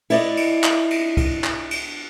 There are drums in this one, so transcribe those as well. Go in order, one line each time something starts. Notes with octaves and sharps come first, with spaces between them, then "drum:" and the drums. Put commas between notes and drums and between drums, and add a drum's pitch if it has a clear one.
E4 D5 D#5, drum: cymbal
drum: cymbal
drum: clap
drum: cymbal
drum: kick C2, cymbal
drum: clap
drum: cymbal